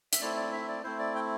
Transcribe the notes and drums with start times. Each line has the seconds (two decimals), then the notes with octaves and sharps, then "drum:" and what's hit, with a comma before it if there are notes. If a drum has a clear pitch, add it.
0.13 E5, drum: hi-hat
0.21 A3 C4 E4 D5
0.37 D5
0.53 E5
0.68 D5
0.83 A3 C4 E4 C5
0.99 D5
1.15 G5